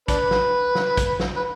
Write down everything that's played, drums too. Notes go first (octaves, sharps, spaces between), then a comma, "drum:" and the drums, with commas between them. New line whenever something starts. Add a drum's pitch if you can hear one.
D4 B4, drum: kick, hi-hat
drum: snare
drum: snare
drum: kick, hi-hat
drum: snare
B4